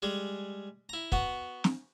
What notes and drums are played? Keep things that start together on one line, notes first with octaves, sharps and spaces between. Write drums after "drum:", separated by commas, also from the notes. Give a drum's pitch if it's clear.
G3 G#3 G#4
E4 A#5
B3 F#4 F#5, drum: kick
drum: snare